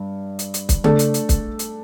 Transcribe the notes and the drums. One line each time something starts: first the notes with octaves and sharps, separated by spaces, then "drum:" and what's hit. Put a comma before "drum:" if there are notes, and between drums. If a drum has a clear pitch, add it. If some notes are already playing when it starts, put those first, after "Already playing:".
Already playing: G2
drum: hi-hat
drum: hi-hat
drum: kick, hi-hat
A3 D4 A4, drum: tom C#3
drum: hi-hat
drum: hi-hat
drum: kick, hi-hat
drum: hi-hat